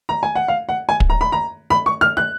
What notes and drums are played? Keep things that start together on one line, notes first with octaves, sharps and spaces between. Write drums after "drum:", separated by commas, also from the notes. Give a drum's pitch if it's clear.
A#5
G#5
F#5
F5
F#5
G#5
drum: kick
A#5
B5
A#5
B5
C#6
F6
F#6